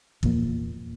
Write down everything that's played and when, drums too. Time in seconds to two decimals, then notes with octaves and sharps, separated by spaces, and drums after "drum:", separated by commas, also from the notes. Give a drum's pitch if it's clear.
0.23 E2 A#2 F3 A#3, drum: kick